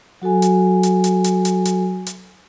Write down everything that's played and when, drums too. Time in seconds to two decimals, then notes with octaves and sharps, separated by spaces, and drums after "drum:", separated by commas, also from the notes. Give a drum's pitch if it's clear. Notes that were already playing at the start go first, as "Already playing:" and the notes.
0.22 F#3 F#4 A4 G#5
0.42 drum: hi-hat
0.83 drum: hi-hat
1.04 drum: hi-hat
1.24 drum: hi-hat
1.45 drum: hi-hat
1.65 drum: hi-hat
2.06 drum: hi-hat